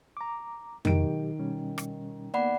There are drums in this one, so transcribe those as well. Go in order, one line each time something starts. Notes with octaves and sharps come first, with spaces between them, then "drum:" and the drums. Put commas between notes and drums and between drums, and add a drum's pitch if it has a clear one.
A#5 D6
B2 D#3 F#3 G4 D7, drum: tom F2
B2 G3 C#4
drum: rim click
A#3 B3 D5 F#5 B5